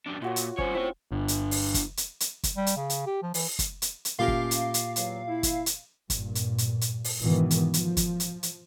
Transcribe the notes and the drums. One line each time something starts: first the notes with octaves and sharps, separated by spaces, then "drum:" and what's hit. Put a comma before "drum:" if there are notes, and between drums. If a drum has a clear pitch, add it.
F#2 D4
A#2 F4 F#4 C#5
drum: hi-hat
G2 C#4 C5 C#5, drum: kick
C4 E4 C#5
G1
drum: hi-hat
drum: open hi-hat
drum: kick, hi-hat
drum: hi-hat
drum: hi-hat
drum: kick, hi-hat
G3
drum: hi-hat
C#3
drum: hi-hat
G4
F3
E3, drum: open hi-hat
drum: kick, hi-hat
drum: hi-hat
drum: hi-hat
A#2 A3 C#4 F4 G4 A#4 F5
drum: kick
drum: hi-hat
drum: hi-hat
E2 F#3, drum: hi-hat
E4
drum: kick, hi-hat
drum: hi-hat
G2 A#2, drum: kick, hi-hat
drum: hi-hat
drum: hi-hat
drum: hi-hat
drum: open hi-hat
G#2 B2 D#3 E3 B3
drum: hi-hat
F3, drum: hi-hat
drum: kick, hi-hat
drum: hi-hat
drum: hi-hat